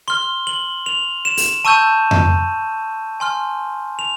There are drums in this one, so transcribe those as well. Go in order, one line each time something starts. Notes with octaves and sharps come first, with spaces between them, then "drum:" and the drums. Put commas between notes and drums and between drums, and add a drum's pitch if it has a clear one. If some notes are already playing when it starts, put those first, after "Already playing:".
C6 F6 G7
F#7
F7
E7
drum: open hi-hat
A5 C#6 E6 G6 D#7
drum: tom F2
G#5 C6 F6
F7